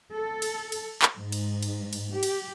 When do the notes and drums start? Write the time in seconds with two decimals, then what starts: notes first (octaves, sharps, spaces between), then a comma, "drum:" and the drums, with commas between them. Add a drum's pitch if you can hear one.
0.12 A4
0.42 drum: cymbal
0.72 drum: cymbal
1.02 drum: clap
1.18 G#2
1.32 drum: cymbal
1.63 drum: cymbal
1.93 drum: cymbal
2.12 G4
2.23 drum: cymbal